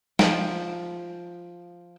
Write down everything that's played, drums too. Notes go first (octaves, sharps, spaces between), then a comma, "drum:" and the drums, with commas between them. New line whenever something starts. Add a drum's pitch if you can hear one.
F3 G5, drum: snare